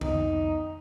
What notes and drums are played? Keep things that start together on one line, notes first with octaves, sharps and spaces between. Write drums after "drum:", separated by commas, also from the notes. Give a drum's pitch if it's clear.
C2 F2 B3 D#4, drum: tom D3